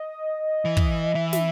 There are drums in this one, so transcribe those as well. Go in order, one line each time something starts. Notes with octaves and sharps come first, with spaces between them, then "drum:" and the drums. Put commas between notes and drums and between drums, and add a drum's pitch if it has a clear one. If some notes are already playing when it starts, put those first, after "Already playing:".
Already playing: D#5
E3
drum: kick
E3 E5
E5, drum: snare